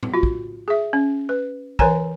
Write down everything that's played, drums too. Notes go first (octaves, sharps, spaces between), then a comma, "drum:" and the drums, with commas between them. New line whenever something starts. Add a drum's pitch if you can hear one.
drum: tom
F4 F#4
drum: kick
G#4 E5
C#4
B4
E3 A#4 C5 C#5 G#5 A#5, drum: kick